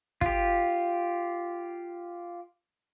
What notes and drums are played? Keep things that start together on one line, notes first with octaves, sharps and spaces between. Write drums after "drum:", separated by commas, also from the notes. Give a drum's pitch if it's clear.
F4 G4, drum: kick